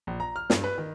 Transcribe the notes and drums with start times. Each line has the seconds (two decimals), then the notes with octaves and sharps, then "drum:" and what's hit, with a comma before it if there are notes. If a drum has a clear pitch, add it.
0.07 A#1
0.20 A#5
0.36 F6
0.50 G2, drum: snare
0.64 B4
0.78 D#3